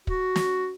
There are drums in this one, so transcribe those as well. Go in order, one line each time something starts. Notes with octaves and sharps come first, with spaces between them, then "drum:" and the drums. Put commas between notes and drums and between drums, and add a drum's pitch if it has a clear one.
F#4, drum: kick
drum: snare